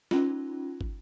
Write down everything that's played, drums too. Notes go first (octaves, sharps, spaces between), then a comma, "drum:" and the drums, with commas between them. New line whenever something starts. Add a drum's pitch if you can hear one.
C#4 D#4 F4, drum: snare
drum: kick